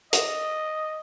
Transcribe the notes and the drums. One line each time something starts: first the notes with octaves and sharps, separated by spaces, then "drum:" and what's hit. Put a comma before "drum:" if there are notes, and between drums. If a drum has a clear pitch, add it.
D#5, drum: hi-hat